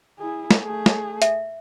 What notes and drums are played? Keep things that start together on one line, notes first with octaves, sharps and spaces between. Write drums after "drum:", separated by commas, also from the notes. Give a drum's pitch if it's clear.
E4 G#4
drum: snare
A3 G#4
drum: snare
E5, drum: hi-hat